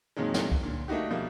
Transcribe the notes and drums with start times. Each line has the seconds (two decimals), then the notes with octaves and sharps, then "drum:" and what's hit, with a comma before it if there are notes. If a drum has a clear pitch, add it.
0.17 F2 A#2 D#3 F#3 G#3
0.34 drum: snare
0.52 drum: kick C#2
0.63 A#2 D3
0.88 A3 A#3 D4 D#4 F#4 G4
1.10 B2 F3 G3 A3 A#3